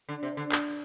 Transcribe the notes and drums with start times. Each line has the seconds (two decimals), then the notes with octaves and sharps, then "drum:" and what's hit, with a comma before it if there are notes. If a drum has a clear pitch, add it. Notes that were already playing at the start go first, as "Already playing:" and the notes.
0.09 D3
0.23 C3
0.37 D3
0.52 A#2, drum: clap